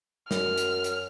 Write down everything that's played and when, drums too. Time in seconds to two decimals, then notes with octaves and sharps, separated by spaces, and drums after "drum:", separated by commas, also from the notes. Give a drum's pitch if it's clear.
0.31 F#2 F6, drum: snare
0.57 drum: hi-hat
0.84 drum: hi-hat